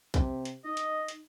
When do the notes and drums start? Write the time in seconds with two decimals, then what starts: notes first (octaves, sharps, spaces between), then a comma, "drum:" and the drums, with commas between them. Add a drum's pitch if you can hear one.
0.14 C3, drum: kick B1, hi-hat
0.45 drum: hi-hat
0.65 D#4 D#5
0.77 drum: hi-hat
1.08 drum: hi-hat